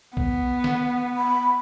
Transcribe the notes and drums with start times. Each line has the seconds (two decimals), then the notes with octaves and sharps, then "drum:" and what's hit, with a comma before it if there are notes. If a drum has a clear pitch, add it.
0.17 B3, drum: kick A#1
0.64 drum: snare
1.17 B5